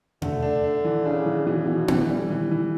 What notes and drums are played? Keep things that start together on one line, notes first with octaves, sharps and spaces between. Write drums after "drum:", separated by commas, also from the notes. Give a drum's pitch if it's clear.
D3 A3, drum: tom B2
D4
D4
E3
C#3 D4
E3
B2 E3
C#3
B2 E3
B2 E3, drum: tom B3
A2
G2 G3
A2
E3
E3